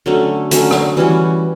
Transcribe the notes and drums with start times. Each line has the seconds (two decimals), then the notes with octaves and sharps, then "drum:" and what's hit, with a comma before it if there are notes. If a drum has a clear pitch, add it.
0.06 D3 F#3 A3 C#4
0.51 D3 F#3 A3 C#4, drum: hi-hat
0.71 drum: rim click
0.97 E3 G3 C#4 F#4